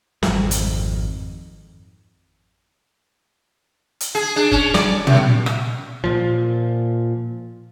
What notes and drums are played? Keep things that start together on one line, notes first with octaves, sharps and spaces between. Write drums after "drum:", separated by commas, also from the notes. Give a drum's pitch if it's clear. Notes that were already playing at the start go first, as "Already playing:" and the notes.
G#1 F2, drum: snare
drum: hi-hat
drum: hi-hat
G#4
D4
C#4, drum: kick F#1
D5, drum: snare
F#2, drum: tom
drum: rim click
A#2 F3